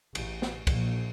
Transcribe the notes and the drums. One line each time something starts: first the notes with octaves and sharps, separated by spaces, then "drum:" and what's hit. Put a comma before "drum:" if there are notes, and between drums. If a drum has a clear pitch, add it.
A1, drum: cymbal
drum: snare
A#1, drum: kick, cymbal